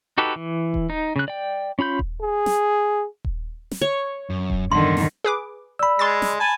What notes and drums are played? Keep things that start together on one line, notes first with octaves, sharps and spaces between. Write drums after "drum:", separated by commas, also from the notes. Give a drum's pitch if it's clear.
D#4 F#4 G4 A4 B4
E3
drum: kick D#1
D#4
C#3 F#6
D5 G5
C#4 F4 B5 G6
drum: kick D#1
G#4
drum: snare
drum: kick D#1
drum: snare
C#5
F#2
drum: kick D#1
E2 G2 D3 D#3 C6
drum: snare
G#4 B4 D6
D5 B5 E6
G#3 C6 A6
drum: snare
G#5 A5 B5 G#6 D#7